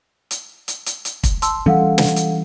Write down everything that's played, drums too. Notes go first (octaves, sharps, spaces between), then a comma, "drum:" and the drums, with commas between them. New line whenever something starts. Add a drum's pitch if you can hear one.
drum: hi-hat
drum: hi-hat
drum: hi-hat
drum: hi-hat
drum: kick, hi-hat
A5 C6 E6, drum: hi-hat
E3 G3 C#4 A4 F5 F#5
drum: snare
drum: hi-hat